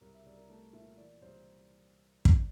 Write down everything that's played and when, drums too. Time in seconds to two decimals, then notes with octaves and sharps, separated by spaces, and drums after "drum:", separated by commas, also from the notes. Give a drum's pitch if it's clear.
0.01 C2 A#4
0.14 E5
0.26 C2 D5
0.37 A#4
0.49 A3 A#4
0.73 A#2 E5
0.97 E3 D5
1.22 C2 C5
2.25 drum: kick